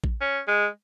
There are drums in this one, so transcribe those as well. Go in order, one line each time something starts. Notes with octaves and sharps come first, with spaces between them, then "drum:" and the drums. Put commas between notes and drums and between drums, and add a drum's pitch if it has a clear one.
drum: kick A1
C#4
G#3